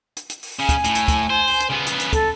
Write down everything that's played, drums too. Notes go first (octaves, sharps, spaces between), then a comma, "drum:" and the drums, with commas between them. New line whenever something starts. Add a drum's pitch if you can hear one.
drum: hi-hat
drum: hi-hat
drum: open hi-hat
C#3 G#5
drum: kick, hi-hat
A2, drum: hi-hat
drum: hi-hat
drum: kick, hi-hat
C5
drum: open hi-hat
drum: hi-hat
C#3 B3
drum: hi-hat
drum: hi-hat
A4, drum: kick, hi-hat